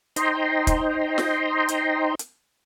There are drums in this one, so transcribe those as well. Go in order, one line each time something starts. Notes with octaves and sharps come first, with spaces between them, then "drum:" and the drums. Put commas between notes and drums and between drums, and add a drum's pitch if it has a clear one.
D#4 C5 D#5 G5 A#5 C6, drum: hi-hat
drum: kick, hi-hat
drum: snare
drum: hi-hat
drum: hi-hat